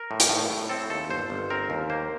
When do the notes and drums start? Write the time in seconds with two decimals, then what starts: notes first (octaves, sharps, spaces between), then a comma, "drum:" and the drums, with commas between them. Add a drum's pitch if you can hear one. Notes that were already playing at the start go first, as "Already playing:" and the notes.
Already playing: A#4
0.11 A2
0.20 drum: hi-hat
0.29 A2
0.50 A2
0.69 C4 A4
0.90 D#2 A4
1.10 G1 C5
1.30 G1
1.50 C4 A#4
1.70 D#2
1.90 A#3 C5